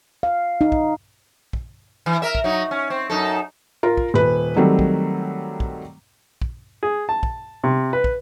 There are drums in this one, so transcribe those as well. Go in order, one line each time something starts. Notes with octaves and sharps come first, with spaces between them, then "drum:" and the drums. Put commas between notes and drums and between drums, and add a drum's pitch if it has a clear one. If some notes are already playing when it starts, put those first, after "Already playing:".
F5
D#4
drum: kick
drum: kick
E3
A#4 E5
drum: kick
F#3 D#4
C#4
C4
F#2 D#4 A4
F4 A#4
drum: kick
D#1 B4
D#3 F#3 G3 A3 C4
drum: kick
drum: kick
drum: kick
G#4
A5
drum: kick
C3
B4
drum: kick